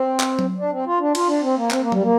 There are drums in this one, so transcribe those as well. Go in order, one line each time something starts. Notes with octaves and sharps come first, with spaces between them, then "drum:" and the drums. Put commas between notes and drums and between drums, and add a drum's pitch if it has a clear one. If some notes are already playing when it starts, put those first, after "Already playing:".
Already playing: C4
drum: clap
drum: tom F#3
D4
C4
F4
D4
F4, drum: cymbal
D4
C4
A#3
C4, drum: clap
A#3
G3, drum: tom F#3
A#3